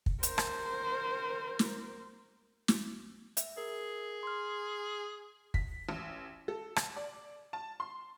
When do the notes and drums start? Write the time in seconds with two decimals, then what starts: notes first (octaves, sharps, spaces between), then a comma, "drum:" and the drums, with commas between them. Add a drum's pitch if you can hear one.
0.06 drum: kick
0.23 A#4 C5, drum: hi-hat
0.38 drum: rim click
1.59 drum: snare
2.68 drum: snare
3.37 E5, drum: hi-hat
3.57 G#4 A#4
4.23 C6 F6
5.54 B6, drum: kick
5.89 A1
6.48 A4
6.76 drum: rim click
6.96 D5
7.53 A5
7.80 C6